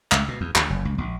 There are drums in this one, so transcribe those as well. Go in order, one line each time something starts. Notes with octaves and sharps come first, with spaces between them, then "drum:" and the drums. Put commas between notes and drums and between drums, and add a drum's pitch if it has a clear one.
C#2, drum: clap
B2
E2
D2, drum: clap
F#1
C#2
A#1